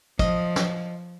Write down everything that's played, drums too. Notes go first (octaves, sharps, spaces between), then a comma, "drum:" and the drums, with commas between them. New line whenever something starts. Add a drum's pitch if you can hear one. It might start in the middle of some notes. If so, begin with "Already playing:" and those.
F3 D#5, drum: kick
drum: snare